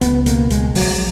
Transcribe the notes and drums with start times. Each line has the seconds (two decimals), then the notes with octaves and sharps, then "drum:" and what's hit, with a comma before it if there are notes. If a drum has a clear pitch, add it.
0.01 C#2 B3, drum: hi-hat
0.26 B2 A#3, drum: hi-hat
0.50 C#2 G#3, drum: hi-hat
0.75 A#1 F#3, drum: open hi-hat